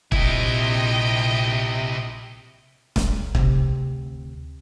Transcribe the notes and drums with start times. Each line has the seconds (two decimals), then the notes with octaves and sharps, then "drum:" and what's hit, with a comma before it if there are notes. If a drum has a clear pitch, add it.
0.12 A#1 C3 E4 D#5 G5, drum: kick
2.96 drum: snare
3.35 D2 C3, drum: kick